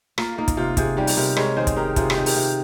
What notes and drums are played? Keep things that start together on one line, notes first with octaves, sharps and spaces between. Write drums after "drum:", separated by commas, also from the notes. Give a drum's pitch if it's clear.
A#3 F4, drum: rim click
A#3 D#4
drum: kick, hi-hat
C3 F4
C3 F4 G#4, drum: kick, hi-hat
G3 D#4 G4
drum: open hi-hat
C3 G4 A#4
G#3 A#4 C#5, drum: rim click
D#3 G#4 C5
drum: kick, hi-hat
D#4 G4 A#4
C3 F4 G#4, drum: kick, hi-hat
G4, drum: rim click
D#3 G#4
G4 A#4, drum: open hi-hat
C3